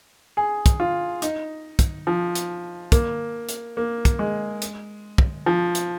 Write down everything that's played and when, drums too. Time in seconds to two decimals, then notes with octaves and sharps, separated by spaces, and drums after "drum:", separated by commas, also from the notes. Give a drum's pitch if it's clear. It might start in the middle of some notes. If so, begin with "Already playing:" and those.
0.37 G#4
0.66 drum: kick, hi-hat
0.80 F4
1.22 D#4, drum: hi-hat
1.79 drum: kick, hi-hat
2.07 F3
2.35 drum: hi-hat
2.92 A#3, drum: kick, hi-hat
3.49 drum: hi-hat
3.77 A#3
4.05 drum: kick, hi-hat
4.19 G#3
4.62 drum: hi-hat
5.18 drum: kick
5.46 F3
5.75 drum: hi-hat